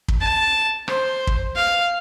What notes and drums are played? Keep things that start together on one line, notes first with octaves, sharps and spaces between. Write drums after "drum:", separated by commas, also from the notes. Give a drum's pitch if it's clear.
drum: kick
A5
C5, drum: rim click
drum: kick
F5